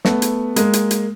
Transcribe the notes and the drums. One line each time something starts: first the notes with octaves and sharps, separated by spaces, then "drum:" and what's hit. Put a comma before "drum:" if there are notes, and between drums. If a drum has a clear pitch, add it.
A3 B3, drum: snare
drum: hi-hat
G#3 A#3, drum: hi-hat
drum: hi-hat
drum: hi-hat